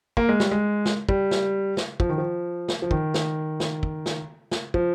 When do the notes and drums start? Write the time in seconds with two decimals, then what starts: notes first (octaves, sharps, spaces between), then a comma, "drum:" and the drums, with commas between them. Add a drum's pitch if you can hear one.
0.17 A#3, drum: kick
0.29 G#3
0.40 G3, drum: snare
0.51 G#3
0.85 drum: snare
1.09 G3, drum: kick
1.31 drum: snare
1.77 drum: snare
2.00 F3, drum: kick
2.09 D#3
2.18 F3
2.68 drum: snare
2.82 F3
2.91 D#3, drum: kick
3.14 drum: snare
3.60 drum: snare
3.83 drum: kick
4.06 drum: snare
4.51 drum: snare
4.74 F3, drum: kick